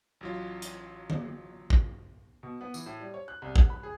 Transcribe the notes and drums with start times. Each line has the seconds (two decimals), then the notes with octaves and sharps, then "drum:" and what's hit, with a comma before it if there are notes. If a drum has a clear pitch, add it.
0.21 A1 F#3 F4
0.62 drum: hi-hat
1.10 drum: tom D3
1.70 drum: kick
2.43 B2
2.61 B3
2.74 E3, drum: tambourine
2.86 A2
3.00 G3
3.14 C#5
3.28 F#6
3.42 C2
3.56 F#5, drum: kick
3.70 B5
3.83 G#4